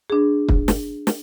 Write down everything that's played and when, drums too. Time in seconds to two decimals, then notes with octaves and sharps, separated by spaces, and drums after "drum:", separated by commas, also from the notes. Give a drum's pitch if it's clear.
0.10 D4 G#4
0.48 drum: kick
0.68 drum: snare
1.07 drum: snare